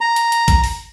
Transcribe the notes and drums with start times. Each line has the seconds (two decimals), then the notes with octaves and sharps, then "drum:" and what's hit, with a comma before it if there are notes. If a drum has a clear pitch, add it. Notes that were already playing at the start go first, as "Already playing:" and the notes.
0.01 A#5
0.16 drum: hi-hat
0.32 drum: hi-hat
0.48 drum: kick, hi-hat
0.64 drum: open hi-hat